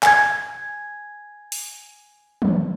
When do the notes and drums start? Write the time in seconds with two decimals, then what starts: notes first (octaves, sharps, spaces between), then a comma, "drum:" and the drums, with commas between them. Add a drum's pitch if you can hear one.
0.03 G#5 G#6, drum: clap
1.52 drum: open hi-hat
2.42 drum: tom